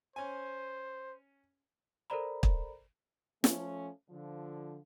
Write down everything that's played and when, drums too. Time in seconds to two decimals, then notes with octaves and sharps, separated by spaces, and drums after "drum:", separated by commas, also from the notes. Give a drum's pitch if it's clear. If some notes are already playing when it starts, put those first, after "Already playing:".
0.16 C#4 C5 G#5
2.10 A4 A#4 C5 D5 A#5 B5
2.43 drum: kick
3.44 F3 A3 C#4, drum: snare
4.10 D3 F3